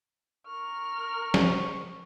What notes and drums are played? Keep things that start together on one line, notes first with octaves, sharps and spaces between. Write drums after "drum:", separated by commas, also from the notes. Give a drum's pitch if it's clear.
A#4 C#6 F6
drum: snare